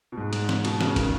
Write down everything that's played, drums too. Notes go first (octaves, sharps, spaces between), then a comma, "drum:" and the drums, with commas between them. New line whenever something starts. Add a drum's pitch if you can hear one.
B2
G#2
G#2, drum: cymbal
drum: snare
B2, drum: cymbal
C#3, drum: snare
D#3, drum: kick, cymbal